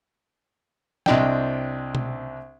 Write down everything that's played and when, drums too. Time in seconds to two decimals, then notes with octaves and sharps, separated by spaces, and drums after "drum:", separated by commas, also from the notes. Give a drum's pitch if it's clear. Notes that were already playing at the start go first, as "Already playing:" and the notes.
1.06 C2 C4 D4 D#5 G5, drum: snare
1.95 drum: tom B2